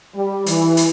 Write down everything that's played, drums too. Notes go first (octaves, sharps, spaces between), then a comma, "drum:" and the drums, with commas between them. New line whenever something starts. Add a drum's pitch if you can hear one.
G3
E3, drum: hi-hat
drum: hi-hat